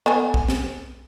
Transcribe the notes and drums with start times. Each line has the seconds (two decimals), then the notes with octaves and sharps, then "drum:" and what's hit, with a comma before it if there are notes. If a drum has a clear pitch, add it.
0.06 B3 A4 G#5
0.34 drum: kick
0.48 drum: snare